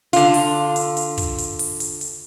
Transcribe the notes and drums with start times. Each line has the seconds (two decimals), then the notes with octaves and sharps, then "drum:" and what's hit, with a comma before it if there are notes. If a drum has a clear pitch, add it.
0.13 D3 F4, drum: hi-hat
0.34 drum: open hi-hat
0.76 drum: hi-hat
0.97 drum: hi-hat
1.17 drum: kick, hi-hat
1.38 drum: hi-hat
1.59 drum: open hi-hat
1.80 drum: hi-hat
2.01 drum: hi-hat